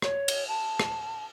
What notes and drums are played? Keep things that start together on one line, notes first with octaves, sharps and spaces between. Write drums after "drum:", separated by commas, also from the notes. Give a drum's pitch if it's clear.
C#5, drum: rim click
drum: cymbal
A5
drum: rim click